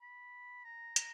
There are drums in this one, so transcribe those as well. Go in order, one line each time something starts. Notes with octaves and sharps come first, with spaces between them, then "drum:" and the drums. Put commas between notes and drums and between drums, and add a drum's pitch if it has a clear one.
B5
A#5
A#5, drum: hi-hat